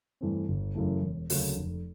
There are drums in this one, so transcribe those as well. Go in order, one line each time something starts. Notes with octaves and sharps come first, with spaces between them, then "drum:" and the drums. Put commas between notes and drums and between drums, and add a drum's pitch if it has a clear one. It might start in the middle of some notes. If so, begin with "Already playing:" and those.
G2 E3 A3 C4
G1
F#2 C#3 E3 A3
E1
D2 C#3 F#3 A#3, drum: open hi-hat
F1